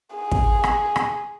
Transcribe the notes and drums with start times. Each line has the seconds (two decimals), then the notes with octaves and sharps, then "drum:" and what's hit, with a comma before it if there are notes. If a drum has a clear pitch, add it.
0.15 G#4
0.32 drum: kick
0.64 drum: rim click
0.96 drum: rim click